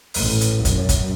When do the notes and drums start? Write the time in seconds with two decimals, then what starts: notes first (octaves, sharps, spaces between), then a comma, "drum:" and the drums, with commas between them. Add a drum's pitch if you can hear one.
0.14 A1, drum: open hi-hat
0.41 drum: hi-hat
0.65 F#2, drum: kick G1, hi-hat
0.89 drum: kick G1, hi-hat